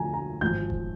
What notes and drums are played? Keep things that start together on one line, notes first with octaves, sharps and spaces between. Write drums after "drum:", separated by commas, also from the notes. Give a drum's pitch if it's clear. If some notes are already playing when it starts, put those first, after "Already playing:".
Already playing: D2 D3 F3 G#5 A#5
A#5
G#1 G#2 F3 G6
drum: kick E1